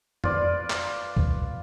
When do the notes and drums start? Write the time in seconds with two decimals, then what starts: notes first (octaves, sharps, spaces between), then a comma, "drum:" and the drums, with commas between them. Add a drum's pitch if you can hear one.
0.24 F4 B4 D5, drum: tom F2
0.70 drum: clap
1.17 drum: kick C2